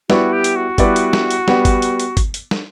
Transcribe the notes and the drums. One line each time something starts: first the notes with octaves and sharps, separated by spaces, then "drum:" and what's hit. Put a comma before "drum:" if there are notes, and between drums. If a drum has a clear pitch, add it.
G3 B3 E4 F#4 B4 D5, drum: snare
G4
drum: hi-hat
F#4
G3 B3 E4 B4 D5, drum: kick, hi-hat
drum: hi-hat
drum: snare
drum: hi-hat
G3 B3, drum: snare
drum: kick, hi-hat
drum: hi-hat
drum: hi-hat
drum: kick, hi-hat
drum: hi-hat
drum: snare